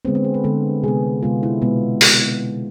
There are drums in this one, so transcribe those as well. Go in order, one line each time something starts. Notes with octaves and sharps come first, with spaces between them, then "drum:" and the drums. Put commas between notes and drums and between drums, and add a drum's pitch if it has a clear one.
D3 G#3 B3 C4
C4
G#4
B4
D3 G#3 B3 A4
C3 G#3 B3 G#4
C3 G#3 B3 F4
E4
B2 G#3 B3
drum: open hi-hat